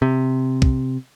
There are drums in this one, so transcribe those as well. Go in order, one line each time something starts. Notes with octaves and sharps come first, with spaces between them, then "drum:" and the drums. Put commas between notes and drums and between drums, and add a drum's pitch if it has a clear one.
C3
drum: kick